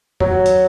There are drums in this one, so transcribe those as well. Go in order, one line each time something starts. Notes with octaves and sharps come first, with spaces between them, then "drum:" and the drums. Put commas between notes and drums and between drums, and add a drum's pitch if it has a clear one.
F#3, drum: tom E2
drum: hi-hat